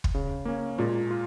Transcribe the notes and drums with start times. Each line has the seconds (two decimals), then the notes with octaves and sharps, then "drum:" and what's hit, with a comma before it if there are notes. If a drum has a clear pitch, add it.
0.04 drum: kick
0.15 C#3
0.45 A#3 C#4
0.78 A#2 G#3
1.11 F4